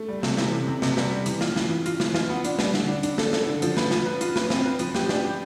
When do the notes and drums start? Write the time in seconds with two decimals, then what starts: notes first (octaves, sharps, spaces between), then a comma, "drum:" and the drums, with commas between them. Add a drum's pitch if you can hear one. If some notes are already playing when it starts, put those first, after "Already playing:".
Already playing: A3
0.08 G3
0.23 C3, drum: snare
0.37 E3, drum: snare
0.52 C3
0.68 C3
0.82 C3, drum: snare
0.97 G3, drum: snare
1.11 G3
1.26 E3, drum: hi-hat
1.41 F4, drum: snare
1.56 E3, drum: snare
1.70 E3
1.86 F4, drum: hi-hat
2.00 E3, drum: snare
2.15 F4, drum: snare
2.29 B3
2.44 D4, drum: hi-hat
2.59 G3, drum: snare
2.74 D3, drum: snare
2.88 D4
3.03 D4, drum: hi-hat
3.18 A4, drum: snare
3.33 A4, drum: snare
3.47 D3
3.62 F3, drum: hi-hat
3.77 B4, drum: snare
3.91 F3, drum: snare
4.06 B4
4.21 F4, drum: hi-hat
4.36 B4, drum: snare
4.50 C4, drum: snare
4.66 B4
4.79 F3, drum: hi-hat
4.95 G4, drum: snare
5.09 D4, drum: snare
5.23 G4